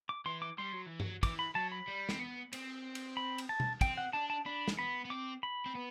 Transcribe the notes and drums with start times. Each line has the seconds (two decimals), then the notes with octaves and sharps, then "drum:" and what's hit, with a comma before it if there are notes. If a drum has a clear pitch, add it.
0.09 D6
0.26 E3 C6
0.42 D6
0.58 G3 C6
0.72 F#3
0.86 E3
1.00 F#3, drum: tom G2
1.23 E3 D6, drum: kick, cymbal
1.39 B5
1.55 F#3 A5
1.72 B5
1.88 G3
2.09 C4, drum: snare
2.19 B3
2.53 C4, drum: cymbal
2.95 drum: cymbal
3.17 B5
3.38 drum: cymbal
3.49 A5
3.60 drum: tom B2
3.81 C4 G5, drum: kick, cymbal
3.97 F#5
4.13 D4 A5
4.30 A5
4.46 D4 B5
4.68 drum: snare
4.78 B3 B5
5.05 B3
5.10 C4 D6
5.43 B5
5.66 C4
5.75 B3